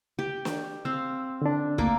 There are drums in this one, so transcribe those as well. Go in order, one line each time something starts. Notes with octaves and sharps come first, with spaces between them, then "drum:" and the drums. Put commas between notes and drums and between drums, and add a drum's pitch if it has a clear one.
G4
drum: snare
C4 F5 E6
D3 D4
A3 A#3 D6, drum: kick